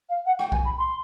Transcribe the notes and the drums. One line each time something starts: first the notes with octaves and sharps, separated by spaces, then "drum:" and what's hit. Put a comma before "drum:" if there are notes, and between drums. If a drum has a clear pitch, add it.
F5
F#5
G5, drum: rim click
G#5, drum: kick B1
B5
C6